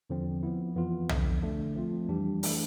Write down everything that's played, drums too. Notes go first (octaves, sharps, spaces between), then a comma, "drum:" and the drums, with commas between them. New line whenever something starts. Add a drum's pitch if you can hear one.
E2 D3 F3 C4
F3 B3 E4
F2 E3 B3 F4
E2 D3 F3, drum: tom B1
D3 A3 D4
F3 A3 C4 F4
F2 E3 G3 D4 G4
E3 A3 D4, drum: open hi-hat